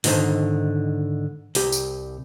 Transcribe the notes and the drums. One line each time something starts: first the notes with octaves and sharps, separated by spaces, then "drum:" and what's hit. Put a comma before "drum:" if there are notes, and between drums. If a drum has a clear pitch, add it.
G#2 D3 D#3 D#4 C5 A5, drum: open hi-hat
C2 G4, drum: open hi-hat
drum: tambourine